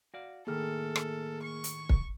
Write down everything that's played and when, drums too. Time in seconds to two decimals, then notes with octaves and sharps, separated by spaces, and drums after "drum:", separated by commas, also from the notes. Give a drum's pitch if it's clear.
0.14 F#4 D5 F5
0.47 A2 D#3 A#3 G#4 A4 F6
0.96 drum: rim click
1.43 C#6
1.64 drum: hi-hat
1.89 drum: kick